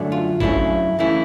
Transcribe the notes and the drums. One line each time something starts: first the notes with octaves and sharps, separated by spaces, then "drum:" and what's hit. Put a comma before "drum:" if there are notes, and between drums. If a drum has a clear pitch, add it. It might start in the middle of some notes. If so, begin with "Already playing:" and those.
Already playing: F#2 D3 F#3 A3 D4
F4
F#2 C#3 F#3 A3 D4 E4, drum: kick G#1
C#3 E3 A3 C#4 E4